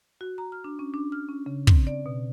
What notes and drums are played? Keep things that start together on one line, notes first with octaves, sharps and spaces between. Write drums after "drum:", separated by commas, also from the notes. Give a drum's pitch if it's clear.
F#4
A#5
F6
D4
C#4
D4
F6
C#4
C#3
C4, drum: kick
D5
B2